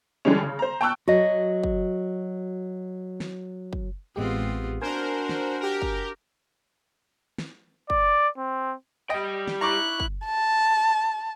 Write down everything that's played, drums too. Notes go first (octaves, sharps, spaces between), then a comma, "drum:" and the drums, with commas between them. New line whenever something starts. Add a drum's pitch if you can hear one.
D3 E3 G3 G#3 C#4
C#3
C5 A#5
G5 A5 C#6 E6 F#6
F#3 F#4 D#5
drum: kick
drum: snare
drum: kick
A1 G#3 B3 C4 F4 G4
D4 F#4 A#4 C5 G#5
drum: snare
G4 A#4
drum: kick
drum: snare
D5, drum: kick
C4
G3 D#5 G5
drum: snare
E4 A#5 C#6 D6 F#6
drum: kick
A5